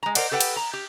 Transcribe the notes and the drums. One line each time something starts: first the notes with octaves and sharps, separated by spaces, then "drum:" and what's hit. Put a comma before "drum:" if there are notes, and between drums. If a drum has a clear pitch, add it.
G#3 A#5
A#4 C5 D5 F#5, drum: cymbal
G4 A4 B4 F#5 G5
drum: cymbal
A#5
G4